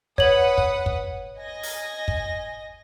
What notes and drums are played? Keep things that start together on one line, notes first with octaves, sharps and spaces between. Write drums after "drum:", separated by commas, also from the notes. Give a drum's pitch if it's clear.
B4 C#5 F#5 D#6 F#7, drum: kick
drum: kick
drum: kick
D#5 G#5 A#6
drum: open hi-hat
drum: kick